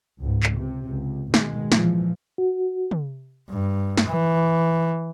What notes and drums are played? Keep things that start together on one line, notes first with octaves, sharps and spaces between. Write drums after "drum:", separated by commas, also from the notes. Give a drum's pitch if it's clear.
C#2 G#2
drum: clap
C3
C#2
B2 D#3 G#3, drum: snare
A#2 E3 F3, drum: snare
F#4
drum: tom
G2
drum: snare
E3